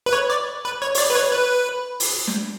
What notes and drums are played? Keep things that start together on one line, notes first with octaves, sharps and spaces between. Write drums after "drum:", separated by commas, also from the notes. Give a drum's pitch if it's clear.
B4
C#5
D5
B4
C#5
C#5, drum: open hi-hat
D5
B4
C#5
B4
drum: open hi-hat
drum: snare